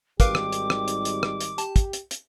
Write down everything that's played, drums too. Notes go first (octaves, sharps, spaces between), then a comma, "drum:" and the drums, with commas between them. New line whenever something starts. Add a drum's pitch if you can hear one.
G#1 D#3 G3 G4 A#4 B4 F5 D6, drum: kick, hi-hat
drum: rim click
drum: hi-hat
drum: rim click
drum: hi-hat
drum: hi-hat
drum: rim click
drum: hi-hat
G4 A5, drum: hi-hat
drum: kick, hi-hat
drum: hi-hat
drum: hi-hat